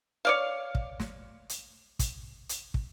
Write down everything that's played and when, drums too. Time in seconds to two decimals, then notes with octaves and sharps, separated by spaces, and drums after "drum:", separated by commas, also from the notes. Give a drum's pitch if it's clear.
0.25 C#5 D5 F5
0.75 drum: kick
1.00 drum: snare
1.49 drum: hi-hat
1.99 drum: kick, hi-hat
2.49 drum: hi-hat
2.74 drum: kick